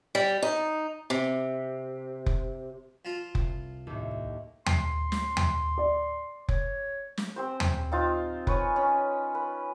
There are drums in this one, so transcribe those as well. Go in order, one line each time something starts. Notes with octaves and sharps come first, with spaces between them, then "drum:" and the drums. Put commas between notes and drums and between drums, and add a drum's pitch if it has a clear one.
G3
D#4
C3
drum: kick F1
F3 F4
C2, drum: kick F1
D#2 A2
C6, drum: tom D#2
drum: snare
drum: tom D#2
D5
C#5, drum: kick F1
drum: snare
C4 G4 C5
C6, drum: tom D#2
C4 D#4 F4
B4 C#5 G#5, drum: kick F1
C#4
B4